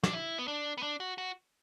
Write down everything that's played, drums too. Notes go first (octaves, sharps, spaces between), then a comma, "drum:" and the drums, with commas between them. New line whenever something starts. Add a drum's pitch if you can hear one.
D4, drum: snare
E4
B3
D4
B3
D4
F#4
F#4